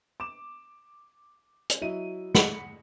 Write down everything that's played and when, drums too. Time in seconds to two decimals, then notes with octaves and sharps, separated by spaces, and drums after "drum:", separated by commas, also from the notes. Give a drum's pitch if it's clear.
0.20 D6 E7
1.70 drum: hi-hat
1.81 F#3 E4 D#5 D#7
2.35 F#5 B5 C#7, drum: snare